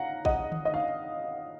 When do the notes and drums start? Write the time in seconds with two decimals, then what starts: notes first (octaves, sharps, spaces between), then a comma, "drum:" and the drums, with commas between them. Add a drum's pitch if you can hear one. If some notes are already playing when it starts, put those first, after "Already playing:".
Already playing: F5 F#5 A#5
0.25 D#5 F#5, drum: kick
0.52 drum: tom D3
0.65 D#5
0.74 F5